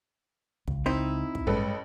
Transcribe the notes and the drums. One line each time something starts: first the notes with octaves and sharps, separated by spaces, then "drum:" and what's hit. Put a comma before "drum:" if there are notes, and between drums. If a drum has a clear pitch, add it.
C#2, drum: kick
C4 D#4 E4
drum: kick
A1 G2 G#3 A4 B4